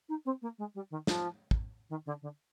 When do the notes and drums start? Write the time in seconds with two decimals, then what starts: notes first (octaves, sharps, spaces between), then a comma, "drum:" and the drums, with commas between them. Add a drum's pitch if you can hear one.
0.09 D#4
0.26 C4
0.42 A#3
0.58 G#3
0.75 G3
0.91 D#3
1.07 F3, drum: snare
1.51 drum: kick
1.90 D#3
2.06 D3
2.22 D3